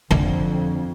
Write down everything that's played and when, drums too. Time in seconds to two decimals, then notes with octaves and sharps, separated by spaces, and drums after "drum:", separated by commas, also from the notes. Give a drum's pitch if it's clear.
0.11 F2 D3, drum: kick